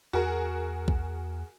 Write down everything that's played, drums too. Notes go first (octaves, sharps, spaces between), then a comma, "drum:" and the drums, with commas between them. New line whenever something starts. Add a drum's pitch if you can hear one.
E2 F#4 G#4 A#4
drum: kick B1